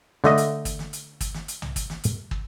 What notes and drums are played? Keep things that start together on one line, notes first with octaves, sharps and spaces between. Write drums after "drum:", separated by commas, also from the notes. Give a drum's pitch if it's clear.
D3 A3 D#5, drum: snare
drum: hi-hat
drum: kick, hi-hat
drum: snare
drum: hi-hat
drum: kick, hi-hat
drum: snare
drum: hi-hat
drum: tom B1
drum: kick, hi-hat
drum: snare
drum: hi-hat
drum: kick